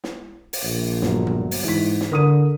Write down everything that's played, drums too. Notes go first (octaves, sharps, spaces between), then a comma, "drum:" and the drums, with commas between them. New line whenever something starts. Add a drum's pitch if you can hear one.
drum: snare
drum: open hi-hat
A#1
G1 F#3, drum: snare
drum: tom A#2
drum: open hi-hat
G#2 E3 B6
drum: snare
D3 A#4 D#6 D#7